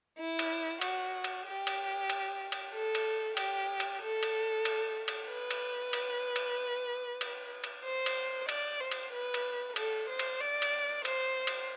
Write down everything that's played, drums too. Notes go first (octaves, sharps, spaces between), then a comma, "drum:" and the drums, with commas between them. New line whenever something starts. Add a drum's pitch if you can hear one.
E4
drum: cymbal
F#4, drum: cymbal
drum: cymbal
G4
drum: cymbal
drum: cymbal
drum: cymbal
A4
drum: cymbal
G4, drum: cymbal
drum: cymbal
A4
drum: cymbal
drum: cymbal
drum: cymbal
B4
drum: cymbal
drum: cymbal
drum: cymbal
drum: cymbal
drum: cymbal
C5
drum: cymbal
D5, drum: cymbal
C5
drum: cymbal
B4
drum: cymbal
A4, drum: cymbal
C5
drum: cymbal
D5
drum: cymbal
C5, drum: cymbal
drum: cymbal